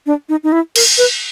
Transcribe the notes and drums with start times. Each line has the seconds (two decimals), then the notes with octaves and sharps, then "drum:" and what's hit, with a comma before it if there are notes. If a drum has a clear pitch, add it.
0.06 D4
0.29 D#4
0.44 D#4
0.52 E4
0.76 A#4, drum: cymbal
0.98 B4